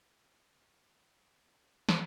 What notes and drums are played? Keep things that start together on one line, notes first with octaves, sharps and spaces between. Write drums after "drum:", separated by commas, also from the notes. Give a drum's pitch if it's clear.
C5
D3
drum: snare